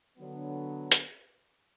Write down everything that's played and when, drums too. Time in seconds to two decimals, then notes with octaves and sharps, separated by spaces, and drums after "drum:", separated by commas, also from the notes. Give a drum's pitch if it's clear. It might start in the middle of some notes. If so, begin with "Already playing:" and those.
0.18 D3 F#3 B3
0.91 drum: hi-hat